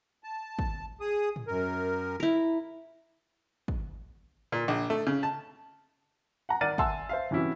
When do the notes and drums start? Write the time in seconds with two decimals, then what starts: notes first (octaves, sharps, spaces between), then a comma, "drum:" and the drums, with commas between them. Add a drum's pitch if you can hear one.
0.24 A5
0.59 drum: kick
1.01 G#4 D#6
1.36 drum: tom G#2
1.47 F#2 A#4
2.20 E4 A#4
3.68 drum: kick
4.52 A#2
4.68 A#1
4.90 A3
5.07 C#3
5.23 A5
6.49 F#5 A#5
6.61 D#3 D5 F#5 F6 A6 D#7
6.78 E5 F#5 G#5 A5 C6 E6, drum: kick
7.09 C5 E5 F5
7.31 C3 E3 C#4 E4 F#4